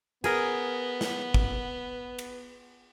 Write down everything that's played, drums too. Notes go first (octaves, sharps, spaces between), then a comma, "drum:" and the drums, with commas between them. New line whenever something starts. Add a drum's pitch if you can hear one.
B3 G#4 A#4, drum: cymbal
drum: snare
drum: kick
drum: cymbal